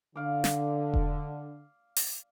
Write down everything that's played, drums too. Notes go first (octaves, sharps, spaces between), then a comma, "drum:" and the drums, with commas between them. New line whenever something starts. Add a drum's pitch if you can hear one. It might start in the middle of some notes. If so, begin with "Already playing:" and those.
D3 D5 F5 D6
drum: snare
drum: kick E1
drum: open hi-hat